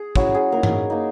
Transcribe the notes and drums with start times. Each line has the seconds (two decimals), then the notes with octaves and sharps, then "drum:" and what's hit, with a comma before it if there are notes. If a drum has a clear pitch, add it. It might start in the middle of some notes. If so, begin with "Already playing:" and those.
Already playing: G#4
0.16 F#3 C#4 E4 F#4, drum: kick
0.34 G#4
0.52 A#3 D#4 A#4
0.63 drum: tom G2
0.90 A#3 D#4